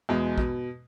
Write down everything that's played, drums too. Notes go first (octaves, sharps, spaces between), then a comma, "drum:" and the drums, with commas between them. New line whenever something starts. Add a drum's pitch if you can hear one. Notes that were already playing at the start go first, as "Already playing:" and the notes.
E2 B2 G#3
B2, drum: kick A#1